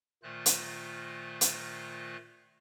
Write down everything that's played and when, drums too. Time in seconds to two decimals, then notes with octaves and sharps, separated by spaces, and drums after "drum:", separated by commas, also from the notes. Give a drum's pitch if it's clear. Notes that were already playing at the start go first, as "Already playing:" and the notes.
0.23 A#2 D#3 A3 F4 C5 F#6
0.46 drum: hi-hat
1.41 drum: hi-hat